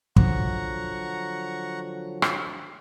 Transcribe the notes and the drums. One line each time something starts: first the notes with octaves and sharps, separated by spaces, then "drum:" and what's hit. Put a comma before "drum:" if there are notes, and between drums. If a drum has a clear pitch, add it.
D3 F3 F#3 F#5 A#5 C#6, drum: kick
drum: rim click